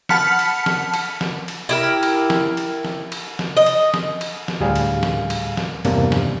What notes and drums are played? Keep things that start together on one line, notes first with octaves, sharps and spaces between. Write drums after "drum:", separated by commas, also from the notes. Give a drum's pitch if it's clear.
F#5 A5 B5 F6 B6 C#7, drum: snare
drum: cymbal
drum: snare
drum: cymbal
drum: snare
drum: cymbal
E4 G4 A#4
drum: cymbal
drum: snare
drum: cymbal
drum: snare
drum: cymbal
drum: snare
D#5
drum: cymbal
drum: snare
drum: cymbal
drum: snare
D2 A2 G3 G#4 F5
drum: cymbal
drum: snare
drum: cymbal
drum: snare
E2 G2 C3 A#3 D4, drum: cymbal
drum: snare